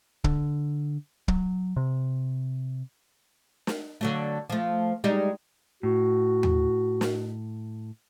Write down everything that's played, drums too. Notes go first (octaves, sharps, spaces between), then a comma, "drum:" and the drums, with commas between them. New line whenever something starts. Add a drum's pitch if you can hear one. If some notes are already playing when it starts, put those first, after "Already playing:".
D3, drum: kick
F#3, drum: kick
C3
drum: snare
D3 F#3 A3
F3 A3
G3 G#3 D#4
A2 F#4
drum: tom
drum: snare